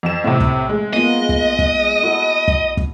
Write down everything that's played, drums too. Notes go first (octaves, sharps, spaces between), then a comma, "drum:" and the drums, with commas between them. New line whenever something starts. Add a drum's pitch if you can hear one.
F2 E7
A2 C3 C4
drum: kick
G#3 A3
A#3 B3 F4 D#5
drum: kick
drum: kick
E4 F#4 A4
drum: kick
drum: kick